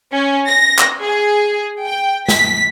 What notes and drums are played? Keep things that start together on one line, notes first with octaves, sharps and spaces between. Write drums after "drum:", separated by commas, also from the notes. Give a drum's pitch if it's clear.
C#4
A#6
drum: clap
G#4
G5
B6, drum: snare